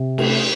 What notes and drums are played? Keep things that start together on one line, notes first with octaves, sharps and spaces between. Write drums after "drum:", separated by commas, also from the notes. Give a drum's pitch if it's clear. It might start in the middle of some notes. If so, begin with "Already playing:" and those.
Already playing: C3
A3, drum: cymbal